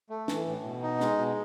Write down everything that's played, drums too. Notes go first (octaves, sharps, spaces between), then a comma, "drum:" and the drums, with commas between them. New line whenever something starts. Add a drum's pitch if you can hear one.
A3
E3, drum: snare
A2
B2
D#4
G#3, drum: snare
B2